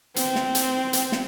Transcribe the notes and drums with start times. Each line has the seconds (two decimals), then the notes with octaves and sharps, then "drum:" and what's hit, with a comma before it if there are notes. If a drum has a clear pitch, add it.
0.16 C4, drum: hi-hat
0.36 drum: snare
0.55 drum: hi-hat
0.93 drum: hi-hat
1.12 drum: snare